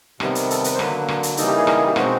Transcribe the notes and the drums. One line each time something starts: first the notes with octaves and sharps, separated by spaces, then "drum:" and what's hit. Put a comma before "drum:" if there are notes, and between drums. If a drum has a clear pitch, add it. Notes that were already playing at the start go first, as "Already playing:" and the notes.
C3 D#3 G3 B3, drum: rim click
drum: hi-hat
A4, drum: hi-hat
B4, drum: hi-hat
C5
D3 F#3 A#3 B4, drum: rim click
drum: rim click
drum: hi-hat
C#3 E3 G3 A#3 D#4 A4, drum: hi-hat
G4
G#4
A#4, drum: rim click
G#4
G4
B2 G#3 C4 D#4 F#4, drum: rim click